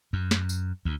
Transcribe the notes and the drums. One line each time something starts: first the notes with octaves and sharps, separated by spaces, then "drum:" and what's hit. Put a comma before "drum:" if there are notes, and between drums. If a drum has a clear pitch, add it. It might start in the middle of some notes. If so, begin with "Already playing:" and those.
F#2
drum: snare
drum: tambourine
D2